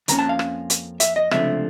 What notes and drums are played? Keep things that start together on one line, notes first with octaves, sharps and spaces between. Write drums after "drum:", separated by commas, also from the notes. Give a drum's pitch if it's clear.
F2 D3 F3 A#3 C#4 A#5, drum: hi-hat
A5
F5
drum: rim click
drum: hi-hat
E5, drum: hi-hat
D#5
C#2 C3 F3 A3 D4 E5, drum: rim click